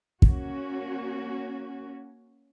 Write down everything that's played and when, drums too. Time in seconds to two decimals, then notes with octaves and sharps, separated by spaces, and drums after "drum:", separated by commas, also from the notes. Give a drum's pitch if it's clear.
0.22 A#3 C#4 F#4, drum: kick